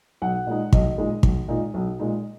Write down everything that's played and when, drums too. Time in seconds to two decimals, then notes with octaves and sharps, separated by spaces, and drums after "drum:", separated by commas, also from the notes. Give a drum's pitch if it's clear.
0.22 B1 F#5
0.47 A#2 G#3 D#4
0.73 B1 D#5, drum: kick
0.98 A#2 G#3 D#4
1.23 B1, drum: kick
1.48 A#2 G#3 D#4
1.74 B1
1.99 A#2 G#3 D#4